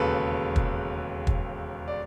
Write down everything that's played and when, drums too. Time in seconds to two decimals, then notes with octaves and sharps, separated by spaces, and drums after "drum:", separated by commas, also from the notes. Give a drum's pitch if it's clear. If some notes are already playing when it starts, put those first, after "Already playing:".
Already playing: E1 D#2 C#3 A4 B4
0.56 drum: kick
1.27 drum: kick
1.88 D5